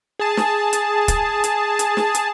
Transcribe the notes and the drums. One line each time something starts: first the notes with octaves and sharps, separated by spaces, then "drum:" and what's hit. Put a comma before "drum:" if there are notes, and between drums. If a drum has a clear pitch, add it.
G#4 A5
drum: snare
drum: hi-hat
drum: kick, hi-hat
drum: hi-hat
drum: hi-hat
drum: snare
drum: hi-hat